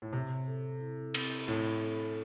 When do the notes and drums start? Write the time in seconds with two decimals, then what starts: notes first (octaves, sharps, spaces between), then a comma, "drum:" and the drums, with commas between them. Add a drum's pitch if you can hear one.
0.02 A2
0.13 C3 C4
0.47 A4
0.80 E4
1.14 C4, drum: cymbal
1.48 A2 A4
1.81 A4